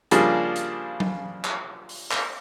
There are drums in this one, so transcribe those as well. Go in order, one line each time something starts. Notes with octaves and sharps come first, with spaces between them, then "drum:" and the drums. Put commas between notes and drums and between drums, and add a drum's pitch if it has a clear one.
C#3 F3 G3 A#3 D4 G#4, drum: hi-hat
drum: hi-hat
drum: tom F#3
drum: clap
drum: open hi-hat
drum: clap